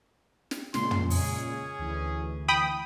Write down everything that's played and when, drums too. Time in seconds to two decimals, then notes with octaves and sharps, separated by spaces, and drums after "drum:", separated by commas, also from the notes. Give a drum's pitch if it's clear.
0.51 drum: snare
0.74 A#2 C#3 G#3 C6, drum: snare
0.91 drum: tom
1.10 C#4 G#4, drum: open hi-hat
1.79 D2 E3
2.48 G5 B5 D#6